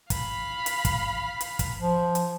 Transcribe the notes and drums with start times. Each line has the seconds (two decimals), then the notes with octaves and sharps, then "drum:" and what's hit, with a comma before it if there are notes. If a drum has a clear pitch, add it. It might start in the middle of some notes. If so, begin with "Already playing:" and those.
0.10 F5 B5, drum: kick, hi-hat
0.66 drum: hi-hat
0.85 drum: kick, hi-hat
1.41 drum: hi-hat
1.59 drum: kick, hi-hat
1.81 F3
2.15 drum: hi-hat